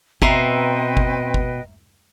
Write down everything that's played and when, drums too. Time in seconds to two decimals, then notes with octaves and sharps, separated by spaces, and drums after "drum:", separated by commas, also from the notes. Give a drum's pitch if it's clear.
0.22 B2 C4 B4 D#5 E5 G5 A#5 C6, drum: kick
0.97 drum: kick
1.34 drum: kick